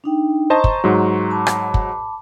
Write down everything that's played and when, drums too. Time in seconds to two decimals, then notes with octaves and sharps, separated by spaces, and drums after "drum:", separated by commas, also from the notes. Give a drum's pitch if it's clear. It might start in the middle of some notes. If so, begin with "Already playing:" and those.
0.04 D4 D#4 G5
0.50 C5 D#5 A5 A#5 C6 C#6
0.64 drum: kick
0.84 G#2 F#3
1.30 A5 B5 D6
1.47 drum: rim click
1.74 drum: kick